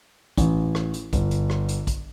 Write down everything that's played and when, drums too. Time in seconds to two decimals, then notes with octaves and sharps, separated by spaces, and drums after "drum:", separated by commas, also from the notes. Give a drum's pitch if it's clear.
0.37 A1, drum: kick A#1, hi-hat
0.75 drum: rim click
0.94 drum: hi-hat
1.13 G1, drum: kick A#1, hi-hat
1.31 drum: hi-hat
1.50 drum: rim click
1.68 drum: hi-hat
1.87 drum: kick A#1, hi-hat